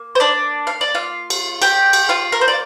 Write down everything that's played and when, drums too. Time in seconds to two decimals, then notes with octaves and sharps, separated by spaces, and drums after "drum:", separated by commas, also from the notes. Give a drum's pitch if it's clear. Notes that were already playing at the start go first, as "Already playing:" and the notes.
Already playing: A#3
0.15 C5
0.20 D4 D5
0.67 F5
0.81 D5
0.95 F4 F5
1.30 drum: cymbal
1.62 G4 G5, drum: cymbal
1.93 drum: cymbal
2.09 F4 F5
2.32 A#4
2.41 C5
2.48 D5